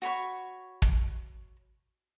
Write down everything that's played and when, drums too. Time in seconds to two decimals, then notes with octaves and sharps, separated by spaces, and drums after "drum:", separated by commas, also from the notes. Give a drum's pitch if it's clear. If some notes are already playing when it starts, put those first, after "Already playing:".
0.02 F#4 C#5 B5 C#6
0.82 drum: kick